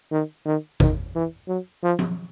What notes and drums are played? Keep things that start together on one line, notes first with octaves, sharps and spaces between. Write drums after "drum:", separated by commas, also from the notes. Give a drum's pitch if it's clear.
D#3
D#3
D#3, drum: kick
E3
F#3
F3
drum: tom F3